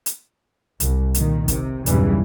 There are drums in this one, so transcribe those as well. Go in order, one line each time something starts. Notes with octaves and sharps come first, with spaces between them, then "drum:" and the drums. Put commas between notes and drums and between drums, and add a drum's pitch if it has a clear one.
drum: hi-hat
C2, drum: hi-hat
A#2 D#3, drum: hi-hat
C3, drum: kick, hi-hat
B1 E2 G2 C#3 E3 G3, drum: hi-hat